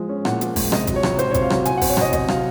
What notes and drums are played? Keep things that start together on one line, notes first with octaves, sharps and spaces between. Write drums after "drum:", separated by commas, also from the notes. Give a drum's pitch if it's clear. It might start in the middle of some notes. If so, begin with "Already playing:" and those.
Already playing: F3 G#3
C#4
A#2 F#5, drum: rim click
F3, drum: hi-hat
G#3, drum: kick G#1, open hi-hat
C3 D#5, drum: rim click
F#3, drum: kick G#1, hi-hat
C#5
C#2, drum: rim click
C#2 C5, drum: hi-hat
C#5
C3, drum: kick G#1, hi-hat
F5
F#3, drum: rim click
F#3 G#5, drum: hi-hat
F#5
C4, drum: kick G#1, open hi-hat
C#5
C3 D#5, drum: rim click
C3 D#5, drum: kick G#1, hi-hat
F#3 F5, drum: rim click